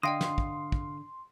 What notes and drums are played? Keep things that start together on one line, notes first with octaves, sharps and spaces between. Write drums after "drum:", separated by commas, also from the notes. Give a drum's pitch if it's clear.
D3 D#5 F5 G5 C6 D#6 A#6
drum: snare
drum: kick
drum: kick